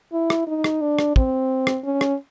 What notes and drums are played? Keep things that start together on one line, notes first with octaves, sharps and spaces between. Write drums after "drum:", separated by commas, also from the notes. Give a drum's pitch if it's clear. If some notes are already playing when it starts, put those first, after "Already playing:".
E4
drum: rim click
D#4
drum: rim click
D4
drum: rim click
C4, drum: kick
drum: rim click
C#4
drum: rim click